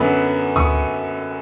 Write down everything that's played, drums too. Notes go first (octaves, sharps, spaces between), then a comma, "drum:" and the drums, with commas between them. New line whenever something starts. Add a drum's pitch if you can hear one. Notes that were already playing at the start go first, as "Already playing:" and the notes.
Already playing: F#2 D3 F#3 B3 B5
C#6 D#6, drum: tom D2